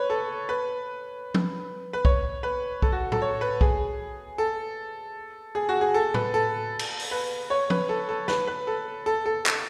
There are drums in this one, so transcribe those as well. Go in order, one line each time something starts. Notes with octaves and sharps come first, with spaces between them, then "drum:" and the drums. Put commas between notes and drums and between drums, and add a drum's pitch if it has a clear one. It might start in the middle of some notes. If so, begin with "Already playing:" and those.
Already playing: B4 C#5
A4
B4
drum: tom F3
B4
C#5, drum: kick B1
B4
A4, drum: kick B1
F#4
A4, drum: tom A2
C#5
B4
G#4, drum: kick B1
A4
G#4
F#4
G#4
A4
B4, drum: tom A2
A4
drum: cymbal
drum: open hi-hat
B4
C#5
B4, drum: tom F3
A4
A4
B4, drum: snare
B4
A4
A4
A4
drum: clap